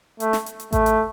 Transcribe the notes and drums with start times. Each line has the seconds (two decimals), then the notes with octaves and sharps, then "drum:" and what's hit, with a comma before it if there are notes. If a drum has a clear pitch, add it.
0.20 A3, drum: hi-hat
0.33 drum: snare
0.46 drum: hi-hat
0.60 drum: hi-hat
0.73 A3, drum: kick A1, hi-hat
0.86 drum: hi-hat